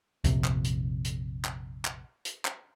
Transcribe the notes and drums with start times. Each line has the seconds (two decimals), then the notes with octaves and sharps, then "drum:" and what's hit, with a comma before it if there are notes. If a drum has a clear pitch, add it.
0.24 A#1 F2 C3, drum: kick C#2, hi-hat
0.44 drum: clap
0.64 drum: hi-hat
1.05 drum: hi-hat
1.45 drum: clap
1.85 drum: clap
2.25 drum: hi-hat
2.45 drum: clap